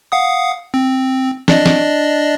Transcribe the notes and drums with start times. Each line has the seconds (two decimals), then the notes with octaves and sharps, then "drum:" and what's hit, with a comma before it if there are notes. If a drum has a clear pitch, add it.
0.12 F5 F#5 D#6
0.74 C4
1.48 D4 D5 D#5, drum: snare
1.66 drum: snare